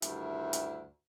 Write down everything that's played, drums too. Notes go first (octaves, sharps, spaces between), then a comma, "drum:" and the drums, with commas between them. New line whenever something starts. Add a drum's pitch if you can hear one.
D2 G2 D#3 G3 E4 E5, drum: hi-hat
drum: hi-hat